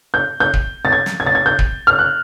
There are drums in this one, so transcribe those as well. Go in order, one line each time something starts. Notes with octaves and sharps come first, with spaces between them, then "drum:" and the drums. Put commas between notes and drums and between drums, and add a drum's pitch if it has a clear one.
G6
G6
drum: kick
A6
G#6
drum: snare
G#6
A6
G#6
G6
drum: kick
F6
F#6